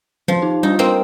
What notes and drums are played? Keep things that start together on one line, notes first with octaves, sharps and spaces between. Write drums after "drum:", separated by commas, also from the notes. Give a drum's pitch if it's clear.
F3, drum: tom F3
D#4 G4
G3 D4 D#4 F4
A#3 C4